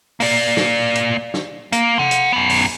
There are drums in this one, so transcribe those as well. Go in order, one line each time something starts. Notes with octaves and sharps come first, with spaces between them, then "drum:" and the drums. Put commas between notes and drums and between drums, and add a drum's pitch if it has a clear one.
A#3 D5, drum: open hi-hat
drum: snare
drum: hi-hat
drum: snare
A#3, drum: hi-hat
F#5 C6
drum: hi-hat
F#2 B3
drum: open hi-hat